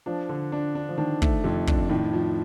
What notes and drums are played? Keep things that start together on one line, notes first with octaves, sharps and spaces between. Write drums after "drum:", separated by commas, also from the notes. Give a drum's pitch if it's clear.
F3 D4
D3
D4
D4
F3
D#3 D4
A3, drum: kick
F2 C3
D4, drum: kick
A2 D#3
F3